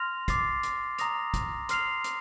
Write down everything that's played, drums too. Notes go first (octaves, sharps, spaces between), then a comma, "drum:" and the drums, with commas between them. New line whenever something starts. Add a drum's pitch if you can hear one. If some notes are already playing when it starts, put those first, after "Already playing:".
Already playing: C6 F6 A#6 F7
D6 A6 C7, drum: kick, hi-hat
drum: hi-hat
A#5 D#6 A#6 F7, drum: hi-hat
drum: kick, hi-hat
C6 F6 C7 F7, drum: hi-hat
drum: hi-hat